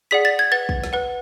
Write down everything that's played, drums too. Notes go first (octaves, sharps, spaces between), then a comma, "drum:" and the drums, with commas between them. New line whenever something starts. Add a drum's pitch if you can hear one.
G#4 D5 F#5 B6
A6
G#6
B4 F#5 A6
drum: kick
drum: snare
B4 F#5